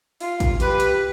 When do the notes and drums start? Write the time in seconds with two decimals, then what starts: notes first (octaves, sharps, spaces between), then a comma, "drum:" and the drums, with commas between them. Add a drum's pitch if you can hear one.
0.20 F4, drum: open hi-hat
0.40 drum: kick A1, hi-hat
0.60 G4 B4, drum: hi-hat
0.80 drum: hi-hat